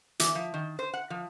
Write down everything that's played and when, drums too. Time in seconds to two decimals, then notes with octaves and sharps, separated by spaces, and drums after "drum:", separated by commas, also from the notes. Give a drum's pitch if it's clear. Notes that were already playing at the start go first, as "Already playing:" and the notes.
0.20 E3, drum: hi-hat
0.35 F3
0.54 D#3
0.79 C5
0.93 F#5
1.10 F3